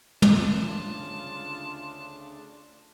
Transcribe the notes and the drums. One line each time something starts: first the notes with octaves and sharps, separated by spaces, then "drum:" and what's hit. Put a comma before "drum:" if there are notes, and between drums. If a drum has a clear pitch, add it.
D2 C#3 D4 F4 A5, drum: tom